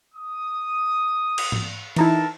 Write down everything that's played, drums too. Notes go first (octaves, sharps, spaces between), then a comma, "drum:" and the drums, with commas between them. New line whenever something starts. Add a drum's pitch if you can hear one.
D#6
drum: cymbal
drum: tom G#2
E3 D#4 E4 A4 A#4 A5, drum: cymbal